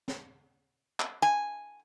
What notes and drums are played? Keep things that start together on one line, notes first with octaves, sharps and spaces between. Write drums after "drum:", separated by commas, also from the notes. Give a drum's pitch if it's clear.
drum: snare
drum: clap
G#5